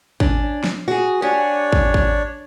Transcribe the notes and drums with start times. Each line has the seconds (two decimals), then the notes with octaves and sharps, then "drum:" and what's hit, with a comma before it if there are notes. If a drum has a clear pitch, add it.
0.20 C#4 D4, drum: kick
0.64 drum: snare
0.88 F#4 G#4
1.22 D4 G4 C#5 F#5 G#5
1.72 drum: kick
1.94 drum: kick